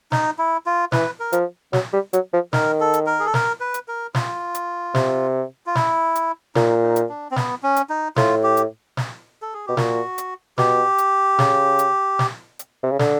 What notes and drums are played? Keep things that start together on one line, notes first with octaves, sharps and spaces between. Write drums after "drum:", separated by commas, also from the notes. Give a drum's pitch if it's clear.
D#4, drum: snare
E4
F4
E3 B4, drum: snare
A#4
F3, drum: hi-hat
F#3, drum: snare
G3
F#3, drum: hi-hat
F3
D#3 A#4, drum: snare
A4
drum: hi-hat
A#4
G#4
A4
A#4, drum: snare
B4
drum: hi-hat
A#4
F4, drum: snare
drum: hi-hat
C3, drum: snare
F4
E4, drum: snare
drum: hi-hat
A#2 D#4, drum: snare
D#4
drum: hi-hat
D4
C4
B3, drum: snare
C#4
drum: hi-hat
D#4
A2 F4, drum: snare
G4
drum: hi-hat
drum: snare
A4
G#4
B2 G4
A#2 F#4, drum: snare
drum: hi-hat
B2 G4, drum: snare
drum: hi-hat
C#3, drum: snare
drum: hi-hat
drum: snare
drum: hi-hat
C3
C#3
D3, drum: snare